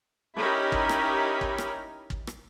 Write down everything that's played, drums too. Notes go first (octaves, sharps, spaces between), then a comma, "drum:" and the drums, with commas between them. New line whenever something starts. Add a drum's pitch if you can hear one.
C#4 D#4 E4 G4 A#4 B5
drum: kick
drum: rim click
drum: kick
drum: rim click
drum: kick
drum: rim click